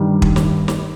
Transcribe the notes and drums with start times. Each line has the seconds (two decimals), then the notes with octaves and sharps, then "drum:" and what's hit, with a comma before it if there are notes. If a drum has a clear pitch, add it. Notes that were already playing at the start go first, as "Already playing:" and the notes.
Already playing: G2 D#3 G3
0.22 drum: kick
0.36 drum: snare
0.68 drum: snare